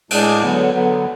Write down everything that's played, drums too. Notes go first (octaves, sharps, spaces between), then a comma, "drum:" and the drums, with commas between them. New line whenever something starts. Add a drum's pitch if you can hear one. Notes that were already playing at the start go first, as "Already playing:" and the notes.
A2 G#3 D4 G#4 D5, drum: cymbal
D3 F#3 B3
D3 F#3 B3